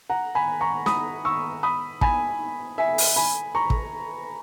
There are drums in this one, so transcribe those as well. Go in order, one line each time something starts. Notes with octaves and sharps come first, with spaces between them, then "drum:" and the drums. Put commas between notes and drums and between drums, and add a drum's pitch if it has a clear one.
F#5 A#5
G#5 B5
A#5 C#6
B5 D#6, drum: snare
C#6 E6
B5 D#6
G#5 B5, drum: kick
E5 G#5
drum: open hi-hat
G#5 B5
A#5 C#6
drum: kick